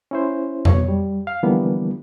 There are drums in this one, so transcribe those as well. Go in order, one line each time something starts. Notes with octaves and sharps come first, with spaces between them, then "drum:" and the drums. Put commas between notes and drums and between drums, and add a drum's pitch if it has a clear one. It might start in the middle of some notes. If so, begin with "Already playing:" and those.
C#4 E4 C5
B2 C#5, drum: tom F2
G3
F5
D3 E3 F3 G3 A#3 B3